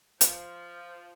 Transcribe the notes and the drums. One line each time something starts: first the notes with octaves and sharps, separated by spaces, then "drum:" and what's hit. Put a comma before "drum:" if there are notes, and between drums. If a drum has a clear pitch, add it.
F3, drum: hi-hat